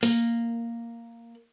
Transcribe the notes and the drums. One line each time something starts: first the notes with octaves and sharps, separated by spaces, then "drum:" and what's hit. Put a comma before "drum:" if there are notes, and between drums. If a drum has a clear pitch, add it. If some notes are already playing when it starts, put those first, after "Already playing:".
A#3, drum: open hi-hat